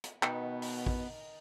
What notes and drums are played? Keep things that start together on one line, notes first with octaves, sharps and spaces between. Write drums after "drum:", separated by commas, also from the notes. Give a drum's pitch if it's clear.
drum: hi-hat
B2 D#3 B3 D#4 G5, drum: clap
drum: open hi-hat
drum: kick A1